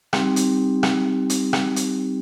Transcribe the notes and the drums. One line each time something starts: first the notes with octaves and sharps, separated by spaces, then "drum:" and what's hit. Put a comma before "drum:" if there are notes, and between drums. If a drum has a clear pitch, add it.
G3 C4 D#4 G4, drum: rim click
drum: hi-hat
drum: rim click
drum: hi-hat
drum: rim click
drum: hi-hat